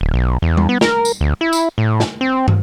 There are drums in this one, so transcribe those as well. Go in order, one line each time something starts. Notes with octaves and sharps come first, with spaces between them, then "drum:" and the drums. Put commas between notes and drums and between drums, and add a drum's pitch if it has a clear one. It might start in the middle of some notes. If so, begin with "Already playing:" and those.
D1
B1
E2
drum: tom G3
B3
A#4, drum: snare
drum: tambourine
D2
E4
drum: tambourine
A2
drum: snare
C4
drum: tom